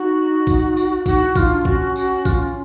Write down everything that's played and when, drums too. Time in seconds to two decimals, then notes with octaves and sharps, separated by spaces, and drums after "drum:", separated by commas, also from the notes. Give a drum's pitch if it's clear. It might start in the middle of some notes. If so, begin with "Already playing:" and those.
Already playing: D#4 F#4
0.47 drum: kick, tambourine
0.77 drum: tambourine
1.06 D#4 F#4, drum: kick, tambourine
1.21 E4
1.36 D#4 F4, drum: kick, tambourine
1.51 D4
1.65 C#4 F#4, drum: kick
1.96 F#4, drum: tambourine
2.25 F4, drum: kick, tambourine